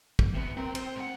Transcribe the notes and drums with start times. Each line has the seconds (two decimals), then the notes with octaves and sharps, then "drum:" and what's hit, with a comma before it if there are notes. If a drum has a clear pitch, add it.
0.19 drum: kick
0.34 C3 B3
0.57 F#2 C4 A#4
0.75 C4 C5, drum: cymbal
0.96 G#2 F#5